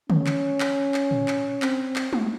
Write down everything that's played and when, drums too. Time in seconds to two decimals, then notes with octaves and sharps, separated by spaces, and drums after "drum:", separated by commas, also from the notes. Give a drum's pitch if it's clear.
0.10 C#4, drum: tom
0.26 drum: clap
0.60 drum: clap
0.94 drum: clap
1.11 drum: tom
1.28 drum: clap
1.62 C4, drum: clap
1.96 drum: clap
2.13 drum: tom